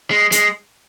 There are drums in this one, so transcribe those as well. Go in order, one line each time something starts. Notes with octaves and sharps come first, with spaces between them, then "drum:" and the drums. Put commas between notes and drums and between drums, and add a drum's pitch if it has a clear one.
G#3
G#3, drum: hi-hat